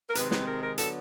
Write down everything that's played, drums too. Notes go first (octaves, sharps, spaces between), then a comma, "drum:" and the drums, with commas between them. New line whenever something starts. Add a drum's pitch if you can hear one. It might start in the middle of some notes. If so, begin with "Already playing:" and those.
A#4
C3 D#3 G#3 C4 B4, drum: hi-hat
B4, drum: snare
A#4
A#4
D3 F#3 B3 A4, drum: hi-hat